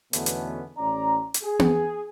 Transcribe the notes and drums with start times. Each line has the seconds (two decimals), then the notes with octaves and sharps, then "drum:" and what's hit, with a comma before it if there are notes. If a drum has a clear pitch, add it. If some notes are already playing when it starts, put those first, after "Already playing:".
0.13 E2 B2 D3 A3 B3 C#4, drum: hi-hat
0.26 drum: hi-hat
0.78 A1 C#4 D5 A#5
1.34 drum: hi-hat
1.44 G#4
1.59 drum: tom B3